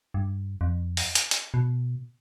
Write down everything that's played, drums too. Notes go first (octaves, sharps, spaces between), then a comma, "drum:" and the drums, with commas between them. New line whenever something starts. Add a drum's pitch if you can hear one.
G2
F2
drum: open hi-hat
drum: hi-hat
drum: hi-hat
B2